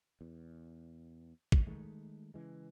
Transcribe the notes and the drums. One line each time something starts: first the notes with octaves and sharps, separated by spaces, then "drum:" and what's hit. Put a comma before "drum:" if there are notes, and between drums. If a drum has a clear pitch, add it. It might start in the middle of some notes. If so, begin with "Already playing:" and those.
E2
drum: kick
D#3 G#3 A3
C#3 E3 G#3